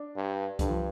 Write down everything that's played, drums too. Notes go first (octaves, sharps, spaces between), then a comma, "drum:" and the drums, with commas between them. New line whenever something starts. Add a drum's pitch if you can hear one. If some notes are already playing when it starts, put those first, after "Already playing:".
Already playing: D4
G2
G2 D3, drum: kick C2, hi-hat
F3